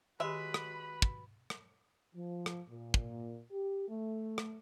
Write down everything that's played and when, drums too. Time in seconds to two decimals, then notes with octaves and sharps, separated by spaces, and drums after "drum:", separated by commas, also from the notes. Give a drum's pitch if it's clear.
0.20 D#3 G#3 F#4 G4 B4 E5 B5
0.54 drum: rim click
1.02 drum: kick
1.50 drum: rim click
2.15 F3
2.46 drum: rim click
2.70 A#2
2.94 drum: kick
3.51 G4
3.89 A3
4.38 drum: rim click